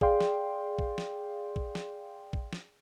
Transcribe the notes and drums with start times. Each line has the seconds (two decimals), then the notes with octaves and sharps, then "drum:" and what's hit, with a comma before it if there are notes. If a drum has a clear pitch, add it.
0.01 G#4 D5 F5 G5 C6, drum: kick A#1
0.21 drum: snare
0.79 drum: kick A#1
0.98 drum: snare
1.56 drum: kick A#1
1.75 drum: snare
2.33 drum: kick A#1
2.53 drum: snare